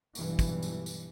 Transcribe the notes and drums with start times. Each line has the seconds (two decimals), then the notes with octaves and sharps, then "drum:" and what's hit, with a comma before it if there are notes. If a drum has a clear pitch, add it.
0.15 B1 G2 E3, drum: tambourine
0.39 drum: kick, tambourine
0.63 drum: tambourine
0.86 drum: tambourine